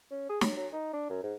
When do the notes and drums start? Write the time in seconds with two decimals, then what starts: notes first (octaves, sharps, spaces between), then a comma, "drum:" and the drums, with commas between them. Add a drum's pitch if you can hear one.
0.11 C#4
0.30 G#4
0.41 F#3, drum: snare
0.57 F#3
0.73 D#4
0.93 D4
1.10 F#2
1.23 G#2